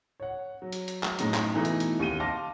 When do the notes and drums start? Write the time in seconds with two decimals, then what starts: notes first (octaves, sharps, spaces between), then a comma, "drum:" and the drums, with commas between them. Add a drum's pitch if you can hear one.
0.20 C#5 F#5
0.62 F#3
0.72 drum: hi-hat
0.88 drum: hi-hat
1.03 drum: clap
1.19 F#2 A2 G#3 D#4, drum: hi-hat
1.34 drum: clap
1.54 B2 E3 A3 D#4 E4
1.65 drum: hi-hat
1.80 drum: hi-hat
1.99 D#2 G4 D#7 G7
2.20 F5 A5 C6 D6 A#6